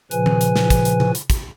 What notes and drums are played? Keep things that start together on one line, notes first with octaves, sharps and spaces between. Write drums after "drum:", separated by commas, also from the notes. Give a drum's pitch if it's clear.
A#2 C#3 F3 B4 G#5, drum: hi-hat
drum: tom D#3
drum: hi-hat
drum: snare
drum: kick, hi-hat
drum: hi-hat
drum: tom C3
drum: hi-hat
drum: kick, hi-hat